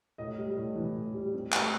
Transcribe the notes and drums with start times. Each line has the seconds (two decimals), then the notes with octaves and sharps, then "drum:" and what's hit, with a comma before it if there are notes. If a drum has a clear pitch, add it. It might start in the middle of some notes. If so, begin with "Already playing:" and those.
0.18 A2 D#5
0.38 G3
0.56 A2
0.75 E3
0.96 A2
1.14 G3
1.34 C4
1.53 A3, drum: clap